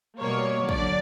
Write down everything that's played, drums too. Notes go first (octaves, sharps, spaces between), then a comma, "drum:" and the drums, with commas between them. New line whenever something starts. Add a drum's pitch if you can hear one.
B2 G3 A#3 C#5
D3 F#3 D5, drum: kick